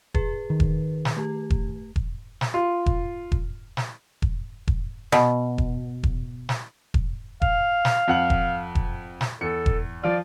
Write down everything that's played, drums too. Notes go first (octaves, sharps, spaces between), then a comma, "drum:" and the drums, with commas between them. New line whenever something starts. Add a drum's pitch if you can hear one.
G#4 B4, drum: kick E1
D#3
drum: kick E1
drum: snare
A3 G4
drum: kick E1
drum: kick E1
drum: snare
F4
drum: kick E1
drum: kick E1
drum: snare
drum: kick E1
drum: kick E1
B2, drum: snare
drum: kick E1
drum: kick E1
drum: snare
drum: kick E1
F5, drum: kick E1
drum: snare
F2 F#5 F#7
drum: kick E1
drum: kick E1
drum: snare
E2 A4 C#7
drum: kick E1
F3 F4 D5